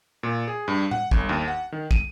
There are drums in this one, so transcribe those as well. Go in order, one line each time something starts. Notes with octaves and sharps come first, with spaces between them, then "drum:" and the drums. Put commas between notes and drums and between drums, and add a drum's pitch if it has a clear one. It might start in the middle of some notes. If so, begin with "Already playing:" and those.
A#2
G#4
G2
F#5, drum: tom A2
G1, drum: kick
D#2
F#5
D#3
D#7, drum: kick